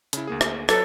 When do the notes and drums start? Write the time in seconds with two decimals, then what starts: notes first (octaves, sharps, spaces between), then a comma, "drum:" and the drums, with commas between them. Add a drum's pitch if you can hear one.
0.13 C#3 E4, drum: hi-hat
0.27 D2 A#3 G#4
0.41 drum: rim click
0.69 F#3 A4 B4 C#5, drum: rim click